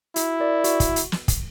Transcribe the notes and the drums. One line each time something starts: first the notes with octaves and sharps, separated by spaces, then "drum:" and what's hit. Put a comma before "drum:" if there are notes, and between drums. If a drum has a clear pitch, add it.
E4 F#4, drum: hi-hat
A#4 D5
F#4, drum: hi-hat
drum: kick, hi-hat
drum: hi-hat
drum: snare
drum: kick, hi-hat